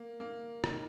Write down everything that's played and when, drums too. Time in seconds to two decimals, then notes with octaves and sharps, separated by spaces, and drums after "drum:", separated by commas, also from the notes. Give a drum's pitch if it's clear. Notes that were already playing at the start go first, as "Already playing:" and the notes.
Already playing: A#3
0.20 A#3
0.64 D#3, drum: rim click